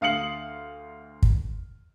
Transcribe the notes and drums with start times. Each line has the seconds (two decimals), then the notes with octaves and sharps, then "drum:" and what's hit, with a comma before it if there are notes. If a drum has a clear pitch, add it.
0.01 D2 F5 D#6 C#7 F#7
1.23 drum: kick